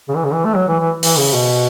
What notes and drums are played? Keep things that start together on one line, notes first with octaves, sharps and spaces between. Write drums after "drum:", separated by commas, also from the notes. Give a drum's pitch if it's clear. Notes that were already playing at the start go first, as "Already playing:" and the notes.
C#3
E3
C#3
E3
A3
F#3
E3
E3
E3, drum: open hi-hat
C#3
B2